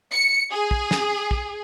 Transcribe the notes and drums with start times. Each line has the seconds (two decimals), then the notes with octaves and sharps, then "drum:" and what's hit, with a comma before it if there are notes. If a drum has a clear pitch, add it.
0.13 C#7
0.51 G#4
0.71 drum: kick
0.91 drum: snare
1.31 drum: kick